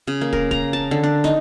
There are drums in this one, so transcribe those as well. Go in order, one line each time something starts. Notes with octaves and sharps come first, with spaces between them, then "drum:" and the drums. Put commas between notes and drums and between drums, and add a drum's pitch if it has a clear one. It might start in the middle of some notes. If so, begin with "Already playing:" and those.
C#3
A#3
A#4, drum: kick
A#5, drum: kick
A5
D3
D4
D#4, drum: snare